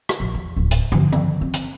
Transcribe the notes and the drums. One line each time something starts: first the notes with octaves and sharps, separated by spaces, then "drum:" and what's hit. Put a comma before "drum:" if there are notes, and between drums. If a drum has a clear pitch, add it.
drum: rim click
A#1
E2
D1 A#1
drum: hi-hat
D3 F3, drum: tom
drum: tom
C4
drum: hi-hat